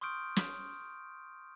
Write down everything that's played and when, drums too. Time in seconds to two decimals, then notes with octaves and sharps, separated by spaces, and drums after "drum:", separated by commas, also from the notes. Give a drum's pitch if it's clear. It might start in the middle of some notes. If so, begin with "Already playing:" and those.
0.01 C6 C#6 D#6 F6 G6 D7
0.36 drum: snare